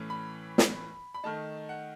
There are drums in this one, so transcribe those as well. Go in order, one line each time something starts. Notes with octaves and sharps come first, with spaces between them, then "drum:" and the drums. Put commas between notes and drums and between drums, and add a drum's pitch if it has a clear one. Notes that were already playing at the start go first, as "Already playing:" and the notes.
Already playing: A2 E3 A3 C#4
B5
drum: snare
B5
D#3 A3 D#4 A5
F#5